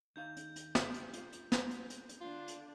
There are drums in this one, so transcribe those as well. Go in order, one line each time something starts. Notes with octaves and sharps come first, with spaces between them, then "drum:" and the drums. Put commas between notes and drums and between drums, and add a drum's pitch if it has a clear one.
D#2 D#4 F5 G6
drum: hi-hat
drum: hi-hat
drum: snare
drum: hi-hat
A#3 F4, drum: hi-hat
drum: hi-hat
drum: snare
drum: hi-hat
drum: hi-hat
drum: hi-hat
D3 D4 F4
drum: hi-hat